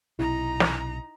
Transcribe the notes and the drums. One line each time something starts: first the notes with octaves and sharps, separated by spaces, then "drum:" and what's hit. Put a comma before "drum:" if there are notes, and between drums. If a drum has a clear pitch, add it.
B1 C3 D#4 E4 A#5
drum: snare